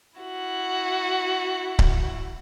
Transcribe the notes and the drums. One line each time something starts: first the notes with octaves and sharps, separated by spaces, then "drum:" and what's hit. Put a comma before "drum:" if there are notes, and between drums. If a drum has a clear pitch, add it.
E4 F#4
drum: kick C#1